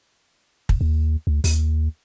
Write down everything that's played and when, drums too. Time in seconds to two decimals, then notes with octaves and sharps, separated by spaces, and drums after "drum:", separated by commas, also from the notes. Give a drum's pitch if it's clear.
0.69 drum: kick
0.81 D#2
1.27 D2
1.44 D#2, drum: open hi-hat